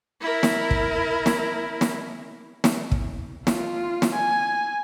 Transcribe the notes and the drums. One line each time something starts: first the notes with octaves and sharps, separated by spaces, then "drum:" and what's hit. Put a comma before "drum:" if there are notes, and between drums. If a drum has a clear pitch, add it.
E4 A#4
drum: snare
drum: kick
drum: snare
drum: snare
drum: snare
drum: kick
F4, drum: snare
drum: snare
G#5